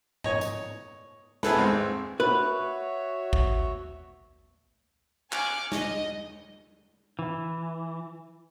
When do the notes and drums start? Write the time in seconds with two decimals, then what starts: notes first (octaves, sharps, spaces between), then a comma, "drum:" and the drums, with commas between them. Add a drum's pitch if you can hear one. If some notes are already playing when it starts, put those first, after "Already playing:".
0.24 C#5 D#5, drum: tom G#2
0.41 drum: tambourine
1.43 B3 E4 G#4 A4 B4, drum: snare
1.55 G#1 G#3 C4
2.20 F#4 B4 C#5 E5
3.33 drum: kick G#1
5.32 G#5 C#6 D6 F6 F#6, drum: clap
5.72 D#5, drum: snare
7.19 E3